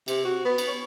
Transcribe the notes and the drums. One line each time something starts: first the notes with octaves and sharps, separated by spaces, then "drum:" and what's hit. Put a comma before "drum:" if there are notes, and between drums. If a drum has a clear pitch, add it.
C3, drum: cymbal
F#4
B3
drum: cymbal
C#5